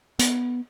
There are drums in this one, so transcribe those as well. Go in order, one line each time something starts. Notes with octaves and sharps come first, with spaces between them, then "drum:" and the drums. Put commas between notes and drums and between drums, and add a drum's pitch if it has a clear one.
B3, drum: hi-hat